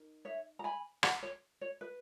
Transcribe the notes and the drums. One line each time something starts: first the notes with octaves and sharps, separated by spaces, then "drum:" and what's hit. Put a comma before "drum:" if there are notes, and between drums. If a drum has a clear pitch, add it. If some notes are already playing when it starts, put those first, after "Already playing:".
Already playing: D#4 A#4
C#5 E5
A#5
G#5 B5
F#5 A#5, drum: rim click
C#5
C#5
B4